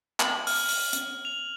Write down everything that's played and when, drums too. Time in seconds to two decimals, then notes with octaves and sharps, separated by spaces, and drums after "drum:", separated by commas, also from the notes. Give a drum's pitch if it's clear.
0.20 F#7, drum: clap
0.47 F6, drum: open hi-hat
0.69 drum: open hi-hat
0.93 drum: hi-hat
1.25 F7